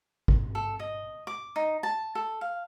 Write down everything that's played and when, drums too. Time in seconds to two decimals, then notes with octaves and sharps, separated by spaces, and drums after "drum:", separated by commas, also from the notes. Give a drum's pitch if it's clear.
0.28 drum: kick
0.55 A4
0.79 D#5
1.27 D6
1.56 D#4
1.83 A5
2.15 A4
2.41 F5